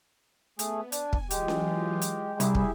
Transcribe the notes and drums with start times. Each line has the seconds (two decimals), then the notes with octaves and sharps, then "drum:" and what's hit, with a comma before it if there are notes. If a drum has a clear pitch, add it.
0.59 A3 B3 G#4, drum: hi-hat
0.92 D4 G#5, drum: hi-hat
1.13 drum: kick
1.30 E3 F#3 G#3 F4 G4, drum: hi-hat
1.48 drum: snare C#4
2.01 drum: hi-hat
2.40 C2 E4 G4 G#4 E5, drum: hi-hat
2.55 drum: kick